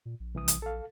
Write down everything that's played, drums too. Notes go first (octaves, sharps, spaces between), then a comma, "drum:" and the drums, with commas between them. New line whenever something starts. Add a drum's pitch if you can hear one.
A#2
A#1
C2 E3 D#6
drum: hi-hat
A4 F5